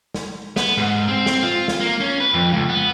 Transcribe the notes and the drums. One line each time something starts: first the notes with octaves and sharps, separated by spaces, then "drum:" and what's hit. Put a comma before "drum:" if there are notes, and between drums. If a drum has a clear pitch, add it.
drum: snare
B3, drum: snare
G#2
C4
drum: snare
F4
drum: snare
A#3
C#4
B4
F2
C#2
B3